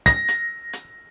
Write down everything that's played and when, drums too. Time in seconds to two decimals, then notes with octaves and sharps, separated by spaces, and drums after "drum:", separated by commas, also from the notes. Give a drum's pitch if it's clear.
0.06 A#6, drum: kick, hi-hat
0.28 drum: hi-hat
0.73 drum: hi-hat